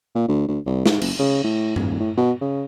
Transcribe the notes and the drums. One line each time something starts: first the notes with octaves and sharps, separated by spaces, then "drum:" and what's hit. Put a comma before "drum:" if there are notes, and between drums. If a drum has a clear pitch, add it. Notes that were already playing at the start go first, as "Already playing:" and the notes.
A#2
D2
D2
C2
G#2, drum: snare
F#1, drum: cymbal
C#3
A2
D#1, drum: tom G2
A2
B2
C#3